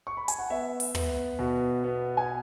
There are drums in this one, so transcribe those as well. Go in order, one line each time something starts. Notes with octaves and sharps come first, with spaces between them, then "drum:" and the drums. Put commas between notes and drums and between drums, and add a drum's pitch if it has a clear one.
C#6
B5
G#5, drum: hi-hat
F#5
B3 E5
drum: open hi-hat
B3, drum: tom
B2
B3
G#5